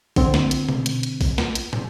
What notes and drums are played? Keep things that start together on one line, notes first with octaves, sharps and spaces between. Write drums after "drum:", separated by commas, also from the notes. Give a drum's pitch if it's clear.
D3 C4, drum: kick A1, open hi-hat
drum: snare
drum: hi-hat
drum: tom B2
drum: hi-hat
drum: hi-hat
drum: kick A1, open hi-hat
drum: snare
drum: hi-hat
drum: tom